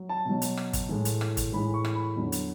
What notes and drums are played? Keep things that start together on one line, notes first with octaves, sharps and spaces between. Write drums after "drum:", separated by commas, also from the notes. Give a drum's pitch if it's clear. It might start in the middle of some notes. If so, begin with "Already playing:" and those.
Already playing: F#3
A5
B2 F#3
drum: hi-hat
drum: rim click
drum: kick, hi-hat
A2 E3 G#3
drum: hi-hat
drum: rim click
drum: kick, hi-hat
A2 E3 G#3 B5
C#6
drum: rim click
B5
E2 D3 F#3
drum: hi-hat